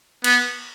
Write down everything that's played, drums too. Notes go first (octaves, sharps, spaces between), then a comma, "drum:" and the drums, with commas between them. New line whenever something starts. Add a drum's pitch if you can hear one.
B3, drum: cymbal